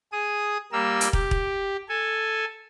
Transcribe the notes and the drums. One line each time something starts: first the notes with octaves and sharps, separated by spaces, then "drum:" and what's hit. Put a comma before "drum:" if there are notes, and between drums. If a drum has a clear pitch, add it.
G#4 D#6
G3 A#3 A#4 E6
drum: hi-hat
G4, drum: kick
drum: kick
A4 G#5